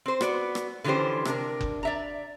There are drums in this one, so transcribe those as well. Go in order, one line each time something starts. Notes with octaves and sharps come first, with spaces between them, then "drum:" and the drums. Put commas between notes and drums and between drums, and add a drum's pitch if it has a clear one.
C4 C5
B3 F#4 D5, drum: rim click
drum: rim click
D3 E3 F3 C#4 G4 C5
C3 D4 A#4, drum: rim click
drum: kick F#1
D5 E5 A#5